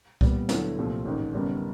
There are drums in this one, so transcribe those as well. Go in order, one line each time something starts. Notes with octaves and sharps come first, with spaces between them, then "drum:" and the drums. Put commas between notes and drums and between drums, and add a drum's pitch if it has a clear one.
A#2 G3 B3, drum: kick C2
D2 D3 F#3 B3 E4, drum: snare
C2 A#2 F3 A3 C4
A1 G#2 D#3
F#1 F#2 D#3 G3 B3